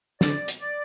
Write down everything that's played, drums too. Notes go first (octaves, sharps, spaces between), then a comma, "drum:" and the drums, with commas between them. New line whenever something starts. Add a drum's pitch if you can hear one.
D3 D5, drum: snare
drum: hi-hat
D5